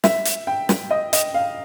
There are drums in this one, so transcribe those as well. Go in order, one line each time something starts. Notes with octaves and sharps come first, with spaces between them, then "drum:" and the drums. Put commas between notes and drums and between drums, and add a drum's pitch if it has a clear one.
E5, drum: snare
drum: hi-hat
G5
drum: snare
D#5
D#5, drum: hi-hat
F5